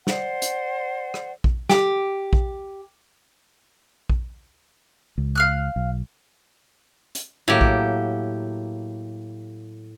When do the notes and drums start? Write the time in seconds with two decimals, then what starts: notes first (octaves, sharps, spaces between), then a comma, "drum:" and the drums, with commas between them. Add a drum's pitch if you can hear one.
0.07 C5 D5 F#5 C6, drum: snare
0.42 drum: hi-hat
1.14 drum: rim click
1.44 drum: kick A#1
1.69 G4, drum: snare
2.33 drum: kick A#1
4.09 drum: kick A#1
5.18 C#2
5.35 F5 F6 F#6
5.76 B1
7.15 drum: hi-hat
7.48 A2 F#3 A#3 G4
7.61 drum: kick A#1